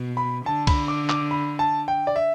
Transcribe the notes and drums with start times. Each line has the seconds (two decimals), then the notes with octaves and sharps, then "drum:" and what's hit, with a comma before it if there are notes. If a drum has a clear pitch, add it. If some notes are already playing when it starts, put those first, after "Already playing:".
Already playing: B2
0.17 B5
0.46 D3 A5
0.67 B5, drum: kick C2, cymbal
0.88 D6
1.09 D6, drum: clap
1.31 B5
1.59 A5
1.88 G5
2.07 D5
2.16 E5